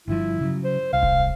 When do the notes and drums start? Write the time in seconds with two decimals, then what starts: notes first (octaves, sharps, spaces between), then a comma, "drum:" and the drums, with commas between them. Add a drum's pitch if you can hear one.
0.08 G1 G2 F3 E4
0.41 C#3 E3 F#3
0.64 C5
0.93 C2 F5
1.03 drum: kick D#1